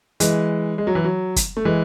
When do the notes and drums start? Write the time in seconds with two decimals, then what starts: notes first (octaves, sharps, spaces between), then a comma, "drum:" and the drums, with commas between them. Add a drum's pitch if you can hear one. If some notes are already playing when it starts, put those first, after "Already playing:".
0.20 E3 G#3, drum: hi-hat
0.78 G#3
0.87 F#3
0.95 E3
1.04 F#3
1.36 drum: kick, hi-hat
1.57 A3
1.65 E3 G#3